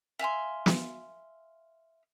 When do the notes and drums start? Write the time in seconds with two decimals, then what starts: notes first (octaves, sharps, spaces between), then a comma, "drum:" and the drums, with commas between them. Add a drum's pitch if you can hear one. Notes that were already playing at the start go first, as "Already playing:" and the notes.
0.19 E5 F5 G#5 C6
0.66 drum: snare